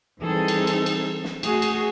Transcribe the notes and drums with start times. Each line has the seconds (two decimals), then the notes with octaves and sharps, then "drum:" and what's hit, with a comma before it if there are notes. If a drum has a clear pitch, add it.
0.22 E3 G3 C4 D#4 G#4 A4
0.48 drum: cymbal
0.67 drum: cymbal
0.86 drum: cymbal
1.24 drum: snare
1.43 A3 F#4 G#4, drum: cymbal
1.62 drum: cymbal